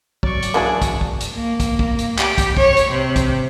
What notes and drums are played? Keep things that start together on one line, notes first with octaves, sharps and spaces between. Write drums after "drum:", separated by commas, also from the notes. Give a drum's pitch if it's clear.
F#3 D5 C#6, drum: kick
drum: hi-hat
E3 G#3 A#3 D4 F#4 G#4
drum: kick, hi-hat
drum: kick
drum: hi-hat
A#3
drum: kick, hi-hat
drum: kick
drum: hi-hat
G4, drum: clap
drum: kick, hi-hat
C#5, drum: kick
drum: hi-hat
C3
drum: kick, hi-hat